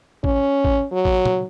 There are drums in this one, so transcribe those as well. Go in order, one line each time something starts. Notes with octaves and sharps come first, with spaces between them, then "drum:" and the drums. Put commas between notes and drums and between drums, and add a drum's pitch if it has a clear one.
C#4, drum: kick
drum: kick
F#3
drum: kick
drum: tom A#2